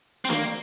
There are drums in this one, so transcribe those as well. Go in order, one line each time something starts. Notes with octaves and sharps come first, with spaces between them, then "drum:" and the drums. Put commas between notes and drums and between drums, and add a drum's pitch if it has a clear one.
C4
A#3, drum: snare